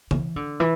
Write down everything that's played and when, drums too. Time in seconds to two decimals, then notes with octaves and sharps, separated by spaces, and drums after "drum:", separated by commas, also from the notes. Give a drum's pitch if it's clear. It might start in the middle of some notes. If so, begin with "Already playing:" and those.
0.11 E3, drum: tom C#3
0.36 D3
0.60 E3